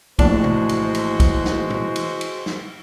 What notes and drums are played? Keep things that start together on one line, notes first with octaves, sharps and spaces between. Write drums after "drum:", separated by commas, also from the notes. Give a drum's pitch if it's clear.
A#1 A2 E3 G#3 D4 F#4 C5, drum: kick, cymbal
drum: tom
drum: cymbal
drum: cymbal
drum: kick, cymbal
drum: snare
drum: tom A#2
drum: cymbal
drum: cymbal
drum: snare